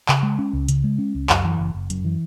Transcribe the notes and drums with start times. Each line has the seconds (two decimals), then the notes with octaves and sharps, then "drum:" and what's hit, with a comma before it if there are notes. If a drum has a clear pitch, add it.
0.09 C#3, drum: clap
0.23 G#3
0.39 C#4
0.53 C#2
0.68 C#3, drum: hi-hat
0.84 G#3
0.98 C#4
1.15 C#2
1.30 F#2, drum: clap
1.45 E3
1.59 F#1
1.74 F#1
1.90 F#2, drum: hi-hat
2.05 E3